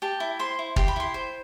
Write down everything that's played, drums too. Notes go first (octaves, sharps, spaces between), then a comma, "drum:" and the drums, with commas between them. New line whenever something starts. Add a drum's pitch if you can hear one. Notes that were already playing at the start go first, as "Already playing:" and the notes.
G4 A5
E4
C5 C6
E4
G4 C6, drum: kick
B5
E4 C6
C5